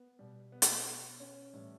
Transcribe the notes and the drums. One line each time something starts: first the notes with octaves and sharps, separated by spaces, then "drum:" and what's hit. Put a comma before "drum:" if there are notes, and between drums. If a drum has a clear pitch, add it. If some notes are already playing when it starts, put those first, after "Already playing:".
Already playing: B3
B2 G3
B3
A3, drum: hi-hat
B3
C#4
A2 E3 G3